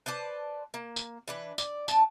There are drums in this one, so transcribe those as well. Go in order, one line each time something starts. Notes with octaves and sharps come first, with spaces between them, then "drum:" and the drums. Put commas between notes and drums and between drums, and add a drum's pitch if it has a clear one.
B4 C5 D5 A5
A#3
drum: tambourine
E3 D4 B4
D5, drum: tambourine
D4 A5, drum: tambourine